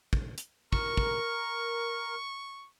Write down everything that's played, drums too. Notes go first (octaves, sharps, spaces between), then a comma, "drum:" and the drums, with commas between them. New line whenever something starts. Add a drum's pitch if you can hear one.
drum: kick
drum: hi-hat
A#4 C#6, drum: kick
drum: kick